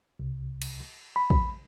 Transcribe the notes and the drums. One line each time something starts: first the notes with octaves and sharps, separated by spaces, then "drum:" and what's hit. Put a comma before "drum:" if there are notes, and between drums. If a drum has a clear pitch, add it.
C2
drum: cymbal
B5
drum: kick